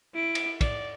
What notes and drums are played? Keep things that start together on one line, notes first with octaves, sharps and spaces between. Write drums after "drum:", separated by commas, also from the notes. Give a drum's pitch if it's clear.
E4 D7
drum: cymbal
D5, drum: kick, cymbal